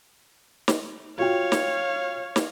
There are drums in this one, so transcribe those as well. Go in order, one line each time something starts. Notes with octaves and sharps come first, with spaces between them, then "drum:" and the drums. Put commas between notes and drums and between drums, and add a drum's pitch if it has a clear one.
drum: snare
F4 F#4 C#5 F5 G5
drum: snare
drum: snare